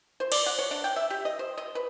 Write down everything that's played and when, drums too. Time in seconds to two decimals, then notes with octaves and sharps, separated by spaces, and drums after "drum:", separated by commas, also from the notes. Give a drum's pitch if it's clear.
0.20 C5
0.32 D5, drum: cymbal
0.46 F#5
0.59 C#5
0.71 D4
0.84 G5
0.96 E5
1.10 G4
1.25 D#5
1.39 C5
1.57 D#5
1.75 B4